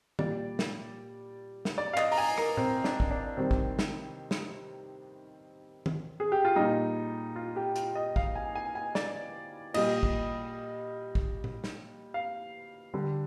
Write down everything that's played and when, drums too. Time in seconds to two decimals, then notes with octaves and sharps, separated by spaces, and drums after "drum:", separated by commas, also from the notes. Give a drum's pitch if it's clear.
0.19 A#2 G3 D5, drum: tom D#3
0.59 drum: snare
1.65 drum: snare
1.78 D5
1.93 F5
1.97 D#5, drum: clap
2.12 A#5, drum: open hi-hat
2.18 G#5
2.38 A#4, drum: rim click
2.57 C4, drum: tom A#2
2.84 D4, drum: snare
3.00 drum: kick
3.10 D4
3.37 C3 D#3 G3 C4
3.51 drum: kick
3.79 drum: snare
4.31 drum: snare
5.86 drum: tom D#3
6.20 G#4
6.32 G4
6.45 F4
6.56 A#2 G3 D#4
7.36 F4
7.56 G4
7.76 F4, drum: hi-hat
7.95 D#5
8.16 F5, drum: kick
8.35 G#5
8.55 G#5
8.75 G#5
8.95 D5, drum: snare
9.74 A#2 G3 D#5, drum: cymbal
10.03 drum: kick
11.15 drum: kick
11.44 drum: tom A#2
11.64 drum: snare
12.14 F5
12.94 D3 G3